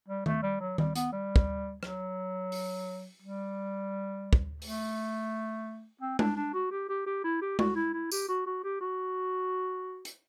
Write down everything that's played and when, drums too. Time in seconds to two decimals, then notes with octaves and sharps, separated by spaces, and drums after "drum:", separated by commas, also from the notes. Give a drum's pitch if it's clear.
0.08 G3
0.26 A3, drum: tom D#3
0.43 G3
0.60 F#3
0.78 G3, drum: tom D#3
0.96 B3, drum: hi-hat
1.13 G3
1.36 drum: kick
1.83 F#3, drum: rim click
2.52 drum: open hi-hat
3.22 G3
4.33 drum: kick
4.62 A3, drum: open hi-hat
6.01 C4
6.19 D4, drum: tom G#3
6.37 D4
6.54 F#4
6.71 G4
6.89 G4
7.06 G4
7.24 E4
7.42 G4
7.59 F#4, drum: tom G#3
7.76 E4
7.93 E4
8.11 G4, drum: tambourine
8.29 F#4
8.46 F#4
8.63 G4
8.81 F#4
10.05 drum: hi-hat